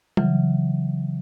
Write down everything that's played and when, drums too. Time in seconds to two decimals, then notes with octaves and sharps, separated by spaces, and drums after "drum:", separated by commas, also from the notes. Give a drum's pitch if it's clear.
0.17 C#3 E3 F#3, drum: tom G3